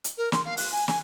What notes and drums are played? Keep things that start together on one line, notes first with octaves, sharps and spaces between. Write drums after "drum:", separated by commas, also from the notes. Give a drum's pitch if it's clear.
drum: hi-hat
A#4
C6, drum: snare
F5
F#6, drum: open hi-hat
G#5
G#5, drum: snare